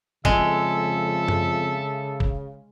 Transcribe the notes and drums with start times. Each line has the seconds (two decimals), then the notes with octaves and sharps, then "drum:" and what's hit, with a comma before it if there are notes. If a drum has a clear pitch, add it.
0.25 F2 C#3 G#3 A4 E5, drum: kick
1.28 drum: tom F#2
2.20 drum: kick